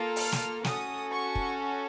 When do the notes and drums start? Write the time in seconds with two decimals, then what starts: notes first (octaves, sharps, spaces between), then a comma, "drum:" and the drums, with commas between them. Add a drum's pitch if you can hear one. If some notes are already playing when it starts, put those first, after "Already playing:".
Already playing: A#3 F4 A4
0.16 F6, drum: open hi-hat
0.32 drum: snare
0.64 C#4 F#4 A4 D#6, drum: snare
1.12 C#6
1.35 drum: kick